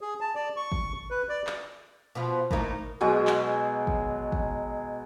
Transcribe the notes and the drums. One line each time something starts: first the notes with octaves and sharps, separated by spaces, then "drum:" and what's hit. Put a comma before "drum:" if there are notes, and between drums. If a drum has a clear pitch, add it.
G#4
A5
D5
C#6
drum: kick
B4
D5
drum: clap
B2 F3 F4
A2 A#3 D#4, drum: kick
B2 F#3 G#3 G#4
drum: clap
drum: kick
drum: kick